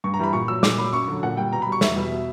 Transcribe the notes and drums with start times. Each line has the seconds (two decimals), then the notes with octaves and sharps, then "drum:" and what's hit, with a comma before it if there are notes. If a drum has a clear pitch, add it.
0.04 G2 C#6
0.14 A#5
0.19 E3 G3 B5
0.33 A#2 C#6
0.48 F#3 E6
0.63 A#2 D6, drum: snare
0.78 F#3 B5
0.92 F#2 C#6
1.08 D3 F#3
1.23 A#2 F#5
1.37 G3 G5
1.52 B2 A#5
1.62 B5
1.66 G3
1.72 C#6
1.81 E2 E5, drum: snare
1.96 B2 G3
2.12 B2